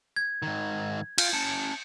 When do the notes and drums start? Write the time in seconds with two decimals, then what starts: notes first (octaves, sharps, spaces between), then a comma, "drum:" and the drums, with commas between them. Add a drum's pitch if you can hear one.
0.16 G#6
0.43 G#2 D#3
1.18 F4 G6, drum: cymbal
1.33 C#4 A5 C#7